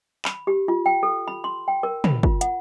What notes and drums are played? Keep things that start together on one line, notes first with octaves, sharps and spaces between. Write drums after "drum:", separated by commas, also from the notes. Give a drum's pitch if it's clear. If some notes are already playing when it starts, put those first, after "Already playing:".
B5, drum: clap
G4
F4
G5
A4
B5
C6
G5
A#4
B5, drum: tom
F4, drum: kick
F#5, drum: hi-hat